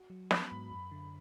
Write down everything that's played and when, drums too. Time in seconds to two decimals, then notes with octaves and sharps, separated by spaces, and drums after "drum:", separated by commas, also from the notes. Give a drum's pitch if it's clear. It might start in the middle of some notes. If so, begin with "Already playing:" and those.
Already playing: F#4
0.10 F#3
0.31 B3 B5, drum: snare
0.52 G#2
0.71 F#2
0.91 D3